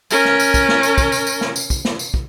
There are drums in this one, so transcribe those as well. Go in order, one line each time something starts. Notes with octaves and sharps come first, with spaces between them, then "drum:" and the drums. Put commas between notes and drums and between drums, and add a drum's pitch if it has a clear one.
C#4 A#4, drum: tambourine
drum: snare
drum: tambourine
drum: kick, tambourine
drum: snare
drum: tambourine
drum: kick, tambourine
drum: tambourine
drum: tambourine
drum: snare
drum: tambourine
drum: kick, tambourine
drum: snare
drum: tambourine
drum: kick